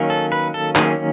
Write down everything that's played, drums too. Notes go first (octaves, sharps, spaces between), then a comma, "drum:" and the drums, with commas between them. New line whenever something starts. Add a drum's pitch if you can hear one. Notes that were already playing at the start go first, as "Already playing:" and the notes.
Already playing: D#3 F#3 A#3 C#4
A4
B4
A4
D#3 F#3 A#3 C#4 G#4, drum: clap